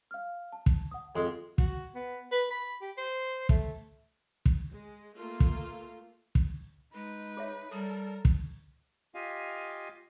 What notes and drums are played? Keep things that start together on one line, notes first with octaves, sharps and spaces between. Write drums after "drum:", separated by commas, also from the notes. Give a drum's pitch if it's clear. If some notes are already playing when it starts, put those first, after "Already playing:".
F5 F6
A5
drum: kick
F#5 D#6
F2 G#3
F#4, drum: kick
B3
B4
B5
G4
C5
A3, drum: kick
drum: kick
G#3
A3 A#3 F4
drum: kick
drum: kick
G#3 D#4 B4
G#4 C#5 E5
G3 A4 A#4 D#6
drum: kick
F4 G4 D#5 F5 G#5